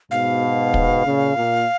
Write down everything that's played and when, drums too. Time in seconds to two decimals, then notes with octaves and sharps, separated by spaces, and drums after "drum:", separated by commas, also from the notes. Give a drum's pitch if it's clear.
0.11 G#2 B2 F5
0.74 drum: kick
1.05 A#2 C#3
1.37 A#2